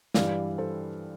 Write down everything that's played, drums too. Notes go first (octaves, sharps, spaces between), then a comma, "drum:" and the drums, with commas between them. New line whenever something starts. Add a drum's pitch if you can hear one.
G2 E3 G3 D5 F5, drum: snare
A4 C5